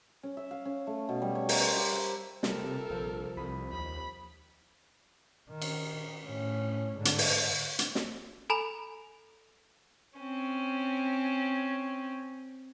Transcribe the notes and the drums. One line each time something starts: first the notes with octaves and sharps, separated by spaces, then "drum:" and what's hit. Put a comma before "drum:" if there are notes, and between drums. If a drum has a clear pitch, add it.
C#4
E5
F5
C#4
A3
B2
G3
C#5
A#4, drum: open hi-hat
C5
G4
E5
C3 G3 F4 A4 A#4, drum: snare
A#1 C3 F3
C2 B5 D#6
D#2 D#4 B5
D#3
drum: cymbal
A2 C#4
G#2 D3
drum: hi-hat
drum: open hi-hat
drum: hi-hat
drum: snare
A4 G#5 A#5 B5 F7
C4 C#4